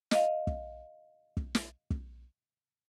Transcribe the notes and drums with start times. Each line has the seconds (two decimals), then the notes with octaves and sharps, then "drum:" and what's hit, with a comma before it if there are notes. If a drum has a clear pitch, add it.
0.11 D#5 F5, drum: snare
0.47 drum: kick
1.37 drum: kick
1.55 drum: snare
1.90 drum: kick